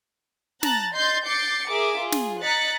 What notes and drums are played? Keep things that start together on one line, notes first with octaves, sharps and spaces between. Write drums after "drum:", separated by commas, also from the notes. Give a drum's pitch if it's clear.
A5 A#5 F#6 A6, drum: snare
D#5 C6 G6 A6 C7
D6 G6 A6 C7 C#7
G#4 A#4 E5 D6
F4 G#4
drum: snare
D#5 A#5 F#6 A6 B6 C#7